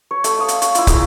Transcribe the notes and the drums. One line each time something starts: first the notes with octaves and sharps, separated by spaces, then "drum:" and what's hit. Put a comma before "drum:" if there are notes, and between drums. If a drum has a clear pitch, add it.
C#5
A3, drum: hi-hat
C#5 F5 D#6
drum: hi-hat
C#5, drum: hi-hat
E4 F4, drum: hi-hat
A#3 E4 G#4 A#4, drum: kick, hi-hat